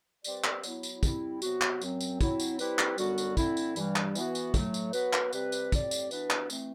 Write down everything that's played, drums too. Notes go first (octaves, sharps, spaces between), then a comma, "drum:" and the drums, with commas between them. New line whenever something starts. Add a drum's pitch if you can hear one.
G3 C4 G4 B4 D5, drum: tambourine
drum: clap
F#3 B3 E4, drum: tambourine
drum: tambourine
G3 C4 E4, drum: kick, tambourine
C3 F#3 B3 F#4, drum: tambourine
drum: clap
F#2 F#3 C4, drum: tambourine
drum: tambourine
F#3 C4 E4, drum: kick, tambourine
drum: tambourine
G3 C4 E4 G4 B4, drum: tambourine
drum: clap
F#2 D3 G3 B3 F#4, drum: tambourine
drum: tambourine
D3 A3 C4 E4, drum: kick, tambourine
drum: tambourine
G2 E3 G3, drum: tambourine
drum: clap
E3 B3 F#4, drum: tambourine
drum: tambourine
A2 F#3 A3, drum: kick, tambourine
drum: tambourine
F#3 B3 F#4 B4, drum: tambourine
drum: clap
C3 G3 C4 G4 B4, drum: tambourine
drum: tambourine
A2 G3 C4 G4 D5, drum: kick, tambourine
drum: tambourine
E3 B3 D4 F#4 B4, drum: tambourine
drum: clap
E3 A3 C4, drum: tambourine